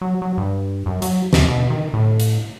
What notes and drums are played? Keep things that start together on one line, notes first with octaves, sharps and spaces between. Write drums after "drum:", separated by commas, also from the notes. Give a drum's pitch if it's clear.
F#3
F#3
G2
F#2
F#3, drum: hi-hat
D#2, drum: snare
B2
D#3
A2
drum: hi-hat